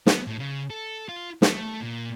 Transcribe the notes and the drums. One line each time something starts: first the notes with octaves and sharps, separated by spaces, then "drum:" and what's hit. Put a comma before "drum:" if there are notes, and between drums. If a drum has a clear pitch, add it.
B3, drum: snare
A2
C#3
A4
F4
A3, drum: snare
A#2